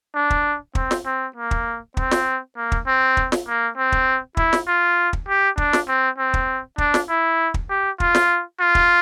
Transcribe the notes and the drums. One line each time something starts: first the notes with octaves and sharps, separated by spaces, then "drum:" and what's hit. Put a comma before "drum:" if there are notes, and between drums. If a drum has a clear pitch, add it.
D4
drum: kick
C4, drum: kick
drum: snare
C4
A#3
drum: kick
C4, drum: kick
drum: snare
A#3
drum: kick
C4
drum: kick
drum: snare
A#3
C4
drum: kick
E4, drum: kick
drum: snare
F4
drum: kick
G4
D4, drum: kick
drum: snare
C4
C4
drum: kick
D4, drum: kick
drum: snare
E4
drum: kick
G4
F4, drum: kick
drum: snare
F4
drum: kick